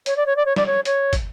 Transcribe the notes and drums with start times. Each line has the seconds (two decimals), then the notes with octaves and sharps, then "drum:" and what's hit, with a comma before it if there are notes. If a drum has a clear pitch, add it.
0.06 C#5, drum: hi-hat
0.16 D5
0.26 C#5
0.36 D5
0.45 C#5
0.56 D5, drum: snare
0.66 C#5
0.85 C#5, drum: hi-hat
1.13 drum: kick, hi-hat